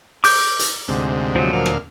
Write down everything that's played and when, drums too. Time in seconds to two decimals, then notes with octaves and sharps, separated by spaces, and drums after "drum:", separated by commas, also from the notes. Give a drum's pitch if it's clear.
0.24 D6 G6, drum: open hi-hat
0.59 drum: hi-hat
0.88 D2 G#2 C3
1.36 F3 F#3
1.53 D2 A#2 F5
1.66 drum: rim click